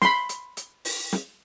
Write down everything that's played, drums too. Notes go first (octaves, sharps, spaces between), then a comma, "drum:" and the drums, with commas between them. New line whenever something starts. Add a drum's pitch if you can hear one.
B5 C6, drum: snare
drum: hi-hat
drum: hi-hat
drum: open hi-hat
drum: snare